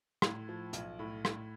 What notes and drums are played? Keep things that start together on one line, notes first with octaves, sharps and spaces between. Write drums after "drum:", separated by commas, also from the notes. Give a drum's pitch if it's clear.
A2, drum: rim click
F3
B1, drum: hi-hat
A2
A2, drum: rim click